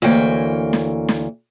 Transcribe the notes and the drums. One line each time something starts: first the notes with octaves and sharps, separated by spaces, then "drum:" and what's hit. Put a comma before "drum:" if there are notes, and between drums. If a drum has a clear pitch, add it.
D2 E3 A#3 C#5 G5
drum: snare
drum: snare